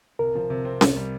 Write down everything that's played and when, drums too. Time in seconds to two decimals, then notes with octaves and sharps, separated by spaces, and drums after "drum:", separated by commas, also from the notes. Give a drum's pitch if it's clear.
0.19 C2 A#4
0.35 F3
0.50 C3
0.65 C4
0.81 C2, drum: snare C#4
0.96 G3